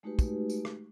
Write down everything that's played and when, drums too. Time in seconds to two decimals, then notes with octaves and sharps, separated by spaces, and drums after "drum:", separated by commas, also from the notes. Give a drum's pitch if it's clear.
0.03 G#3 A3 D#4 F#4 G4 B4
0.19 drum: kick, tambourine
0.50 drum: tambourine
0.65 drum: rim click